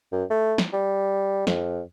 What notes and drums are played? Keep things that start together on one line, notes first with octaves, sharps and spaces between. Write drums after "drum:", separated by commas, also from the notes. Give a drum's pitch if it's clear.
F#2
A3
drum: snare
G3
F2, drum: snare